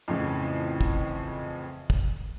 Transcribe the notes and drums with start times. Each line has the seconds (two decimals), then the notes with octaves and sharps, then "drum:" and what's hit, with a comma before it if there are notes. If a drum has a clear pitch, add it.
0.08 F2 A2 C#3 E3
0.81 drum: kick
1.90 drum: kick